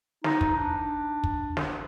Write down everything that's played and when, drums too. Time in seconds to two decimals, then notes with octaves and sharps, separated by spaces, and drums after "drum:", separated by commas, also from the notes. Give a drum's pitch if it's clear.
0.24 D#4, drum: snare
0.41 drum: kick
0.55 D4
1.24 drum: kick
1.57 drum: snare